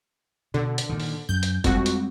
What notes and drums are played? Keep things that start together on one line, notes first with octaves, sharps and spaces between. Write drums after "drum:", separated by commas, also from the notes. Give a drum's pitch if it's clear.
B2 D3
drum: hi-hat
A#2 D#3
drum: open hi-hat
F#2 G6
drum: hi-hat
F2 G3 G#3 C4 F#4, drum: kick, hi-hat
drum: hi-hat